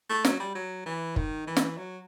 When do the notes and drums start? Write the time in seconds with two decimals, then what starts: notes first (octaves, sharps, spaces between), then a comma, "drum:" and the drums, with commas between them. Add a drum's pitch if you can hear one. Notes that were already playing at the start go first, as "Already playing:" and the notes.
0.10 A3
0.25 F#3, drum: snare
0.40 G3
0.55 F#3
0.86 E3
1.16 D#3, drum: kick
1.47 E3
1.57 drum: snare
1.78 F#3